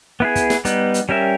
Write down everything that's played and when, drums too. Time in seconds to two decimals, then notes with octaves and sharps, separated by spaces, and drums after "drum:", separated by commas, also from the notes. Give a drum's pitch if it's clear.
0.20 B3 E4 G#4
0.35 drum: kick, hi-hat
0.50 drum: snare
0.65 G3 B3 D#4, drum: hi-hat
0.94 drum: hi-hat
1.09 G3 C#4 G4 A#4 E5